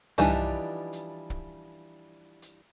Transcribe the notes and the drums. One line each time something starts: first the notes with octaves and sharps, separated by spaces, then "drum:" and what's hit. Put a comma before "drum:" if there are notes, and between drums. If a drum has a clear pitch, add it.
E3 F3 G3 D4 D#4, drum: tom
drum: hi-hat
drum: kick
drum: hi-hat